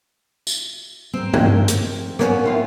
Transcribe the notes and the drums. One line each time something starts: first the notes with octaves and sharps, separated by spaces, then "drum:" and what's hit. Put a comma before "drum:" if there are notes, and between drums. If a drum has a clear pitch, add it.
drum: tambourine
C4 A#4
drum: tom
drum: hi-hat
A#3 B3 C#4, drum: rim click
C4 E4 F4